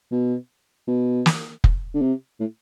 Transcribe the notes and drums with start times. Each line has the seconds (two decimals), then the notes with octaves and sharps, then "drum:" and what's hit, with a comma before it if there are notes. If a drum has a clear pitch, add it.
0.12 B2
0.87 B2
1.26 drum: snare
1.64 drum: kick F1
1.94 D3
2.02 C3
2.40 A2